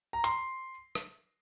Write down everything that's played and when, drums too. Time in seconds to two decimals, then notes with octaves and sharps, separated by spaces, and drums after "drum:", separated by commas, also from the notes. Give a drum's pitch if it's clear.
0.13 A#5
0.24 C6, drum: hi-hat
0.95 drum: rim click